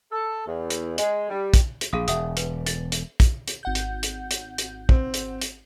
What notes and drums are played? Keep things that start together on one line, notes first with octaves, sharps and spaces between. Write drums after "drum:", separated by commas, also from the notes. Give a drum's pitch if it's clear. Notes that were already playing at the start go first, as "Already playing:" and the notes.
A4
E2
drum: hi-hat
G#3, drum: hi-hat
G3
drum: kick, hi-hat
drum: hi-hat
A#1 G#4 F5 D#6
E1 E5 F#5 D#6, drum: hi-hat
B4, drum: hi-hat
A6, drum: hi-hat
drum: hi-hat
drum: kick, hi-hat
drum: hi-hat
G#1 F#5 G6
drum: hi-hat
drum: hi-hat
drum: hi-hat
drum: hi-hat
C4, drum: kick
drum: hi-hat
drum: hi-hat